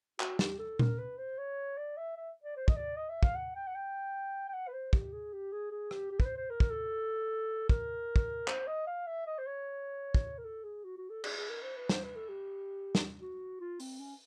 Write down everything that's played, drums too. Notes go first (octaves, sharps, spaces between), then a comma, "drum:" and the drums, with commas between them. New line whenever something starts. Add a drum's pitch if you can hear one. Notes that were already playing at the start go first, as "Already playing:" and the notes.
F#4, drum: clap
G4, drum: snare
A4
A#4, drum: tom A#2
B4
C5
C#5
D5
E5
E5
D5
C5
D#5, drum: kick
D5
D#5
E5
F5, drum: kick
F#5
G5
F#5
G5
G5
F#5
B4
C5
G4, drum: kick
G#4
G4
G#4
G#4
G4, drum: rim click
G4
B4, drum: kick
C5
C5
A#4
drum: kick
A4
A#4, drum: kick
drum: kick
C5, drum: clap
D#5
F5
E5
D#5
C5
C#5
drum: kick
A#4
A4
G#4
F#4
F#4
A4
G#4, drum: cymbal
G#4
A#4
C5
B4
C5, drum: snare
B4
A4
G4
drum: snare
F#4
F4
C4, drum: open hi-hat
C#4